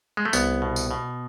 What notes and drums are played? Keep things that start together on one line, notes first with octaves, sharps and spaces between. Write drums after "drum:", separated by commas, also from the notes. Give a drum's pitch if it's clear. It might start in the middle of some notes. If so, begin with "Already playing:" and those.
G#3
A3
C2 B3, drum: tambourine
B2
drum: tambourine
B2